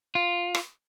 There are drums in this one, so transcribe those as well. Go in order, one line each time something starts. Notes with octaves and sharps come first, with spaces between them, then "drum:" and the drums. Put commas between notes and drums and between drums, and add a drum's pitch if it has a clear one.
F4
drum: rim click